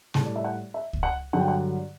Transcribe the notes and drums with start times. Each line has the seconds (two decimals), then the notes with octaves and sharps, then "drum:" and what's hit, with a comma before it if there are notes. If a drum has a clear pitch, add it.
0.14 A2 A5, drum: snare
0.20 G3
0.26 D5
0.36 E5
0.44 F#5
0.74 E5
0.93 drum: kick C#2
1.03 F#5
1.33 G2 D3 F#3 F#5
1.40 G5
1.48 F#5